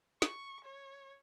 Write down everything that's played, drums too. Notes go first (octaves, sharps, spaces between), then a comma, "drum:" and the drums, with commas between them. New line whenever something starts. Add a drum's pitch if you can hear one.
C#6, drum: snare
C#5